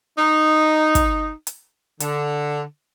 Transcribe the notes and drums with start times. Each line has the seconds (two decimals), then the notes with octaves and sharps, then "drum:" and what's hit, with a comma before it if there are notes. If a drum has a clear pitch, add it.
0.18 D#4
0.95 drum: kick, hi-hat
1.47 drum: hi-hat
2.00 D3, drum: hi-hat